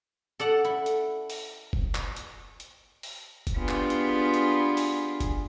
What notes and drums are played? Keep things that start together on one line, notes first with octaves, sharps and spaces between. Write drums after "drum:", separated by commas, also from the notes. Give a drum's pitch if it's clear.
A4 D5 F#5
E4
drum: hi-hat
drum: open hi-hat
drum: kick F#1
drum: clap
drum: hi-hat
drum: hi-hat
drum: open hi-hat
drum: kick F#1, hi-hat
B3 D4 F4 G4 G#4
drum: clap
drum: hi-hat
drum: hi-hat
drum: open hi-hat
drum: kick F#1, hi-hat